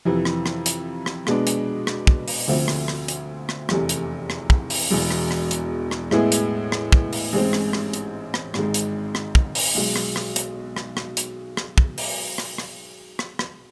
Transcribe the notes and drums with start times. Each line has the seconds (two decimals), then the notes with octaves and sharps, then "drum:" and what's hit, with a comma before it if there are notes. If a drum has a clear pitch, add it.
0.05 F2 C3 E3
0.25 drum: rim click
0.46 drum: rim click
0.66 drum: hi-hat
1.06 drum: rim click
1.27 B2 G#3 B3 D4, drum: rim click
1.47 drum: hi-hat
1.87 drum: rim click
2.07 drum: kick
2.28 drum: open hi-hat
2.48 D2 D3 F3 A3 C4
2.68 drum: rim click
2.88 drum: rim click
3.08 drum: hi-hat
3.49 drum: rim click
3.69 F1 E2 C3, drum: rim click
3.89 drum: hi-hat
4.30 drum: rim click
4.50 drum: kick
4.70 drum: open hi-hat
4.90 E1 E2 B2
5.11 drum: rim click
5.31 drum: rim click
5.51 drum: hi-hat
5.91 drum: rim click
6.11 A2 G#3 B3 E4 G#4, drum: rim click
6.32 drum: hi-hat
6.72 drum: rim click
6.92 drum: kick
7.13 drum: open hi-hat
7.33 A1 G#2 G#3 C4
7.53 drum: rim click
7.73 drum: rim click
7.94 drum: hi-hat
8.34 drum: rim click
8.54 G#1 G#2 G#3, drum: rim click
8.74 drum: hi-hat
9.15 drum: rim click
9.35 drum: kick
9.55 drum: open hi-hat
9.75 B1 B2 G#3
9.96 drum: rim click
10.16 drum: rim click
10.36 drum: hi-hat
10.76 drum: rim click
10.97 drum: rim click
11.17 drum: hi-hat
11.57 drum: rim click
11.78 drum: kick
11.98 drum: open hi-hat
12.38 drum: rim click
12.58 drum: rim click
13.19 drum: rim click
13.39 drum: rim click